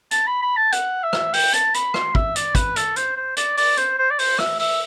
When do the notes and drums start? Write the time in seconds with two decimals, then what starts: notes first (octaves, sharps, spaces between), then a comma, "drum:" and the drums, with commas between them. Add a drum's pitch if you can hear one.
0.11 A5, drum: hi-hat
0.27 B5
0.42 B5
0.56 A5
0.72 F#5, drum: hi-hat
1.03 E5
1.13 drum: rim click
1.33 G5, drum: open hi-hat
1.53 A5, drum: hi-hat
1.74 B5, drum: hi-hat
1.94 C6, drum: rim click
2.15 E5, drum: kick
2.36 D5, drum: hi-hat
2.55 B4, drum: kick, hi-hat
2.76 A4, drum: hi-hat
2.96 C5, drum: hi-hat
3.17 C5
3.37 D5, drum: hi-hat
3.57 D5, drum: open hi-hat
3.77 C5, drum: hi-hat
3.98 C5
4.10 D5
4.19 C5, drum: open hi-hat
4.39 E5, drum: rim click
4.59 E5, drum: open hi-hat